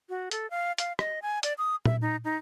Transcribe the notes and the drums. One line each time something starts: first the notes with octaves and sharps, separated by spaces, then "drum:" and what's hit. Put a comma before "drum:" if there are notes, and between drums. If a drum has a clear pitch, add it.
F#4
A4, drum: hi-hat
F5
F5, drum: hi-hat
D#5, drum: rim click
G#5
D5, drum: hi-hat
D#6
E5, drum: tom A#2
D#4
D#4